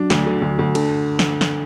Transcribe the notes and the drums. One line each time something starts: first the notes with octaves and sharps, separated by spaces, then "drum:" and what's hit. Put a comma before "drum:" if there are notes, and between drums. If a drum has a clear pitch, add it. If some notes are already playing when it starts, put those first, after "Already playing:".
Already playing: F#3 D4 F#4
D2, drum: snare
D3
D2
D2
D3 A4, drum: cymbal
drum: snare
drum: snare